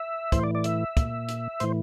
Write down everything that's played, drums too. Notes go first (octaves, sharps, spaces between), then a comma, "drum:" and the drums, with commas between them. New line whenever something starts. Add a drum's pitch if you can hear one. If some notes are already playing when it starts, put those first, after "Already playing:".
Already playing: E5
A2 E3 C5, drum: kick, hi-hat
D5
D5
E5, drum: hi-hat
A#2, drum: kick, hi-hat
drum: hi-hat
A2 E3 C5, drum: hi-hat